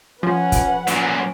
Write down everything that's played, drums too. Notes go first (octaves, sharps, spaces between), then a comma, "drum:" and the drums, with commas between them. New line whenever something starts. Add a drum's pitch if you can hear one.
F3 C#4 B4 F#5
drum: kick, hi-hat
A#2 F#3 C#4, drum: hi-hat